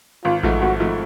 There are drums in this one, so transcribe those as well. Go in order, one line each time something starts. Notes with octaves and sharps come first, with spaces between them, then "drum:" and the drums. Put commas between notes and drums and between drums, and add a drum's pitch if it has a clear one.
G#1 F4
G#2 F3 A3, drum: kick A1
G#1 F#4
G#2 F3 A3